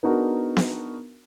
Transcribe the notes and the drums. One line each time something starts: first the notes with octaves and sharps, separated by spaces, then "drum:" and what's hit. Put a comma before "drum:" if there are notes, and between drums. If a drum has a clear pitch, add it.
B3 D4 D#4 F#4 G#4 A#4
drum: snare B3